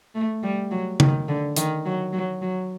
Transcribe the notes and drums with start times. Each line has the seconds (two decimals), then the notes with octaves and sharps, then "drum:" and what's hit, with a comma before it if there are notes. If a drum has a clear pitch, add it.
0.15 A3
0.43 G3
0.71 F#3
1.00 D#3, drum: tom C#3
1.28 D3
1.56 D#3, drum: hi-hat
1.85 F#3
2.13 F#3
2.42 F#3